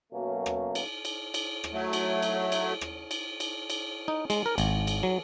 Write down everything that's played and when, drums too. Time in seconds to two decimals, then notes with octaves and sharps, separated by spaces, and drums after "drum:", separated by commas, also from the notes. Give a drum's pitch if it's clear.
0.12 F#2 B2 F#3 A3 A#3 C#4
0.46 drum: rim click
0.75 drum: cymbal
1.05 drum: cymbal
1.34 drum: cymbal
1.64 drum: rim click
1.73 F#3 A3
1.93 drum: cymbal
2.22 drum: cymbal
2.52 drum: cymbal
2.81 drum: rim click
3.11 drum: cymbal
3.40 drum: cymbal
3.70 drum: cymbal
4.08 D#4
4.30 G#3, drum: cymbal
4.46 A#4
4.58 G#1, drum: cymbal
4.87 drum: cymbal
5.03 F#3